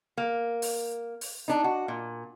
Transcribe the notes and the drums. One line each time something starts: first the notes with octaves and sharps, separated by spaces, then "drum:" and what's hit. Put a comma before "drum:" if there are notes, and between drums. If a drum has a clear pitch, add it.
A#3
drum: open hi-hat
drum: open hi-hat
D4 D#4
F#4
A#2